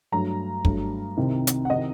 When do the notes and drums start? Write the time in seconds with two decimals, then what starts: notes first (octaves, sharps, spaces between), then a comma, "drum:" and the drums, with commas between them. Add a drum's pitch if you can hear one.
0.12 G2 F#3 A3 A#5
0.65 G2 F#3 A3, drum: kick
1.17 C2 C3 D#3
1.47 drum: hi-hat
1.65 F#5
1.70 C3 D#3 D#5